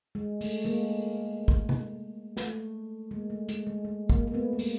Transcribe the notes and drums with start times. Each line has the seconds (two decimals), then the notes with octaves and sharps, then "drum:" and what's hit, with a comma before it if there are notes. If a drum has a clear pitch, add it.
0.15 G#3
0.41 A3, drum: open hi-hat
0.65 G#3 A#3
1.48 drum: kick
1.69 drum: tom C3
2.37 A3, drum: snare
3.11 G#3 A#3
3.30 A3
3.49 G#3, drum: hi-hat
3.67 G#3
3.85 G#3
4.09 G#3 A#3, drum: kick
4.27 A#3
4.34 A3 B3
4.53 B3
4.59 G#3 A#3, drum: open hi-hat